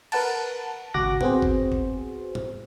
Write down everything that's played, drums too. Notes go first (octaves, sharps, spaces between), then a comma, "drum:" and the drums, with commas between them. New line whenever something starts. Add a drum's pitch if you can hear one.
A#4 B4 F#5 A5, drum: cymbal
G#1 C#2 F#4 D6 F#6 A#6
B3 C4 F#4 G#4 C5, drum: tom
drum: kick F#1
drum: kick F#1
drum: tom